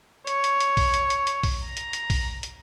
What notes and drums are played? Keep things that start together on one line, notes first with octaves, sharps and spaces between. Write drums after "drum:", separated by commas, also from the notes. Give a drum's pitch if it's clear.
C#5, drum: hi-hat
drum: hi-hat
drum: hi-hat
drum: kick B1, open hi-hat
drum: hi-hat
drum: hi-hat
drum: hi-hat
drum: kick B1, open hi-hat
A#5
drum: hi-hat
drum: hi-hat
drum: kick B1, open hi-hat
drum: hi-hat